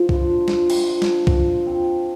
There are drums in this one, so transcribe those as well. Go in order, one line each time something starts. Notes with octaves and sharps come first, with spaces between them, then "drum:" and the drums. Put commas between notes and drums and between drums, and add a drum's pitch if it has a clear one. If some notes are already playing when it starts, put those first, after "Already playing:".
Already playing: F3
D4 F4, drum: kick C2
F3, drum: snare
drum: cymbal
D4 F4
drum: snare
F3, drum: kick C2
C4 F4